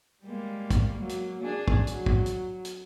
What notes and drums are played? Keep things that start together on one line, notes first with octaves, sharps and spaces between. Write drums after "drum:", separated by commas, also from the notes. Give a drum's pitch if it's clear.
G3 G#3 A#3
drum: kick, hi-hat
F#3 A#3
drum: hi-hat
A#3 D4 G#4
drum: kick
F#3, drum: hi-hat
drum: kick
drum: hi-hat
drum: hi-hat